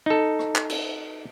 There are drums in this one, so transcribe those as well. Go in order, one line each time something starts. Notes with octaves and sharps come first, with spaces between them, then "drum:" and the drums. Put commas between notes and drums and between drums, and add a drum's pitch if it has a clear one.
D#4 A4
drum: rim click
drum: clap
drum: cymbal